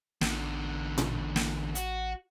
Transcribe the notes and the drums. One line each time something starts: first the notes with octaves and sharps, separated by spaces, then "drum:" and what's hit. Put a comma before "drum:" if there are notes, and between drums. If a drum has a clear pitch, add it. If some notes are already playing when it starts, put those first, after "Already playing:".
A1 E2 D3, drum: snare
drum: tom A#2
drum: snare
F#4, drum: hi-hat